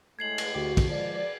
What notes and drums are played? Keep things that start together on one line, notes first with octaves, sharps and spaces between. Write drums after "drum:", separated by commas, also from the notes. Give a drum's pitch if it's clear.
A2 G#3 A3 G#6 C7 F#7
drum: cymbal
D2 F#4 G4
drum: kick, cymbal
F3 G#3 D5